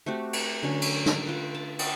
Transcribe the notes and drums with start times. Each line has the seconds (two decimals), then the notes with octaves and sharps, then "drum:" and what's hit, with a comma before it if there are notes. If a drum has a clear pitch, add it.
0.06 A3 C4 F#4 G4
0.33 drum: cymbal
0.63 D3 F#3 C#4
0.82 drum: cymbal
1.06 drum: snare
1.27 F4 B4
1.55 A5
1.79 drum: cymbal